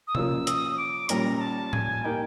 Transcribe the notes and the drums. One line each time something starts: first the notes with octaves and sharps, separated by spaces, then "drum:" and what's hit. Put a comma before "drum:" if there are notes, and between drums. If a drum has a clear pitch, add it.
D#6
F3 A#3 C#4 F4 E6, drum: tom C3
D#6, drum: hi-hat
D6
A#2 G3 A#3 C#4 A#5, drum: hi-hat
A#5
A5
G#5, drum: tom A2
A#3 D#4 G4 G5